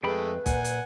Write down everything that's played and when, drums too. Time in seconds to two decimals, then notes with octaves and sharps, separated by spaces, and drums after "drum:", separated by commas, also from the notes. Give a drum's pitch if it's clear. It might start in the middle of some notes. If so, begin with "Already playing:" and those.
0.04 F2 G#3 A3 B4 G5 B5
0.46 A#2 F#5 G#5, drum: kick, hi-hat
0.64 drum: hi-hat